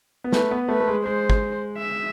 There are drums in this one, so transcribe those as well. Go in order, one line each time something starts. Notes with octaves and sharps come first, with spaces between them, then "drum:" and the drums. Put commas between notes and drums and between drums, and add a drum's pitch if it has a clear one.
B3
A3 B4, drum: snare
B3
A3 B4
A3
G#3
G#3 C5
drum: kick G1
E5